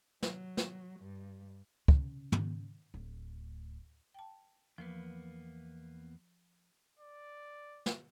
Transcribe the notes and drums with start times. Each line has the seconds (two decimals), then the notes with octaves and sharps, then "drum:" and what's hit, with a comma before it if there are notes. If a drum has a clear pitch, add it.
0.22 F#3, drum: snare
0.57 drum: snare
0.99 G2
1.88 C#3, drum: kick
2.32 drum: tom
2.94 D1
4.14 G5 A5
4.78 E2 F3 A#3 B3 B4
6.99 D5
7.86 drum: snare